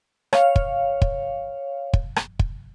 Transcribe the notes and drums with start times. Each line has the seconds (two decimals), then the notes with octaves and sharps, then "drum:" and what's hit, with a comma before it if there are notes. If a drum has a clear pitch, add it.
0.33 C#5 F5, drum: rim click
0.56 drum: kick
1.02 drum: kick
1.93 drum: kick
2.16 drum: rim click
2.39 drum: kick